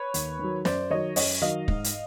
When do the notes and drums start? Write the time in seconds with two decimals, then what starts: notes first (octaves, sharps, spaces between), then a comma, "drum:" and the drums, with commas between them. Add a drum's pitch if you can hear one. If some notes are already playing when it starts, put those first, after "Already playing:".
Already playing: B4 C#5
0.14 D#2, drum: hi-hat
0.39 D#3 F#3
0.65 F#2 C5 D5, drum: snare
0.90 D#3 F#3 C#5 D#5
1.16 F#2 C#5 D#5, drum: open hi-hat
1.42 D#3 F#3 D#5 F5
1.68 G#2, drum: kick
1.84 drum: hi-hat